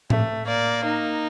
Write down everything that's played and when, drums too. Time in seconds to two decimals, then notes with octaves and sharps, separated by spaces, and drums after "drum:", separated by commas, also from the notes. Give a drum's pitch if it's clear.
0.10 A3, drum: tom A2
0.47 A#3 D5
0.85 D#4